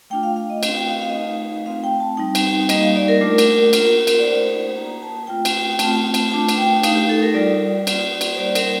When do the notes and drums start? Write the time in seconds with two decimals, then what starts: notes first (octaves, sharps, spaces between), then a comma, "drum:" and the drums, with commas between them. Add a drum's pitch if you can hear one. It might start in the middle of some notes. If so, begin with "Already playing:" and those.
0.10 A3 D4 F4 G5
0.23 F5
0.36 F5
0.50 D#5
0.63 A3 C4 F4 F5, drum: cymbal
0.75 G5
0.88 F5
1.01 F5
1.09 D#5
1.15 A3 D#4 F5
1.66 A3 C4 F4 F5
1.84 G5
2.00 A5
2.17 G3 C4 D#4 G5
2.35 drum: cymbal
2.69 G3 A#3 D#4 D#5, drum: cymbal
2.82 F5
2.96 D5
3.08 A#4
3.21 A3 D4 F4
3.38 drum: cymbal
3.73 A#3 F4, drum: cymbal
4.07 drum: cymbal
4.19 D5
4.24 A3 D#4 C5
4.76 A#3 D4 F4 A#5
5.02 A5
5.27 A3 C4 F4 G5
5.45 drum: cymbal
5.71 G5
5.79 A3 C4 F4 A5, drum: cymbal
6.14 drum: cymbal
6.31 A3 D4 F4 A5
6.49 drum: cymbal
6.58 G5
6.83 A3 D#4 F5, drum: cymbal
6.95 G4
7.09 A4
7.22 A#4
7.34 G3 D4 F4 D5
7.87 A#3 F4, drum: cymbal
8.21 drum: cymbal
8.33 C5
8.38 G3 A#3 D#4 D5
8.51 C5
8.55 A#4, drum: cymbal